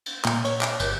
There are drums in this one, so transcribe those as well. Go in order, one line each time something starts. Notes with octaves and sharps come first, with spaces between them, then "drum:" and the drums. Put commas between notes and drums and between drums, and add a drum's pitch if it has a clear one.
drum: cymbal
A#2, drum: clap
C#5, drum: cymbal
D6, drum: clap
G1, drum: cymbal